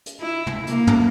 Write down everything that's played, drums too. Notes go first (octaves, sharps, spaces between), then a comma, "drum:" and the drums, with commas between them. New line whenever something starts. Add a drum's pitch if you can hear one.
drum: hi-hat
E4
drum: tom
A#3, drum: hi-hat
drum: tom